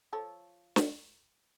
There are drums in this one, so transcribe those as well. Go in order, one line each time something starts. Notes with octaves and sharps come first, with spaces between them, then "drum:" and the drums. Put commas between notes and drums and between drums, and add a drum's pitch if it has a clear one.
F3 A4 C#5
drum: snare